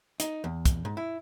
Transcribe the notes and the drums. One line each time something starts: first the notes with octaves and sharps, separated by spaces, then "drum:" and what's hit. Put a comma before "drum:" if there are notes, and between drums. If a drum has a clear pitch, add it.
D#4, drum: hi-hat
E2
drum: kick, hi-hat
G#2
E4